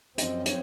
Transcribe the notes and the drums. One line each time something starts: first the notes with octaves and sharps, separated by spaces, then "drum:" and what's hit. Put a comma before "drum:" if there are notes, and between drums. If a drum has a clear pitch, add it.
F#2 F3 C4 D#5, drum: hi-hat
C#5, drum: hi-hat